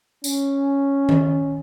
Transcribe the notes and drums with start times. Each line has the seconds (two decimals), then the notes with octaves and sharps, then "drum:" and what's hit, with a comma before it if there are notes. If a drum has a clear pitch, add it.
0.24 C#4, drum: tambourine
1.09 drum: tom D#3